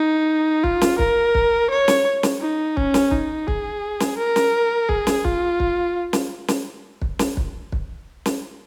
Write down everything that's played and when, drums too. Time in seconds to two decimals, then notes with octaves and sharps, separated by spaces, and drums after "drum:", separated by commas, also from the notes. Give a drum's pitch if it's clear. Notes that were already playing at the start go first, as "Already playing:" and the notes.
Already playing: D#4
0.64 F4, drum: kick
0.81 drum: snare
0.99 A#4, drum: kick
1.35 drum: kick
1.71 C#5
1.88 drum: snare
2.23 drum: snare
2.41 D#4
2.77 C#4, drum: kick
2.94 drum: snare
3.11 D#4, drum: kick
3.48 G#4, drum: kick
4.00 drum: snare
4.18 A#4
4.36 drum: snare
4.89 G#4, drum: kick
5.07 drum: snare
5.25 F4, drum: kick
5.60 drum: kick
6.13 drum: snare
6.48 drum: snare
7.02 drum: kick
7.19 drum: snare
7.37 drum: kick
7.72 drum: kick
8.26 drum: snare